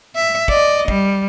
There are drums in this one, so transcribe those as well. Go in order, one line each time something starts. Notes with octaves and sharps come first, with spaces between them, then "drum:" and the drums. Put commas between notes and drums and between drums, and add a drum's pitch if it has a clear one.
E5
D5 D#5, drum: kick
G3, drum: kick